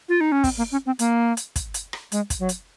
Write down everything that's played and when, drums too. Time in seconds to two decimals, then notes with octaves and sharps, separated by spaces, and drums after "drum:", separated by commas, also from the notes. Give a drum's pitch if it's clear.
0.09 F4
0.21 D#4
0.32 C#4
0.44 C4, drum: kick, open hi-hat
0.58 A#3
0.72 C#4
0.86 C4
0.99 A#3, drum: hi-hat
1.37 drum: hi-hat
1.56 drum: kick, hi-hat
1.74 drum: hi-hat
1.93 drum: rim click
2.12 G#3, drum: hi-hat
2.30 drum: kick, hi-hat
2.39 F#3
2.49 drum: hi-hat